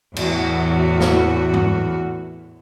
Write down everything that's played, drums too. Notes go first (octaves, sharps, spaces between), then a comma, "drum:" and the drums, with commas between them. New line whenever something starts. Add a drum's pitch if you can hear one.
E2 A2 F#4, drum: cymbal
drum: snare
drum: tom